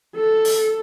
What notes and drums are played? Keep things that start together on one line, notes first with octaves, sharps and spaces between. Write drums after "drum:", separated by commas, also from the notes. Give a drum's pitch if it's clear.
A4
drum: open hi-hat